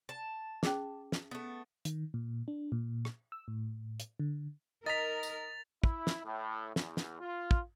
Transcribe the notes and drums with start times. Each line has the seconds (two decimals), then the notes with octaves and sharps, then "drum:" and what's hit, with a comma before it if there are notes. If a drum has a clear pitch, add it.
0.09 A5
0.63 C#4 G#4 D6, drum: snare
1.12 drum: snare
1.31 A3 B3
1.85 D#3, drum: hi-hat
2.14 A#2
2.48 D4
2.72 A#2
3.05 drum: rim click
3.32 E6
3.48 A2
4.00 drum: hi-hat
4.20 D3
4.86 D#4 A#4 D#5 A#5 A6 B6 F7
5.23 drum: tambourine
5.84 E4, drum: kick
6.07 drum: snare
6.24 A2
6.76 E2, drum: snare
6.97 drum: snare
7.20 F4
7.51 drum: kick